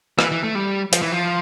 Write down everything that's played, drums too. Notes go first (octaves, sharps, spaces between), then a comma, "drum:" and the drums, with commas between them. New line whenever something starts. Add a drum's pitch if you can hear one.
E3, drum: rim click
E3
A3
G3
F3, drum: hi-hat
E3
F3